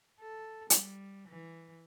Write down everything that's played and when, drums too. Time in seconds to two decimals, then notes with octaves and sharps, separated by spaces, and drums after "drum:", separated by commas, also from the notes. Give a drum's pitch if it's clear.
0.20 A4
0.70 G3, drum: hi-hat
1.29 E3